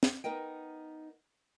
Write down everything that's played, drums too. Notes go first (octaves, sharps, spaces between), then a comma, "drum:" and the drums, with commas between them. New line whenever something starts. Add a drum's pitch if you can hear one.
drum: snare
B3 D#4 A#4 D#5 G5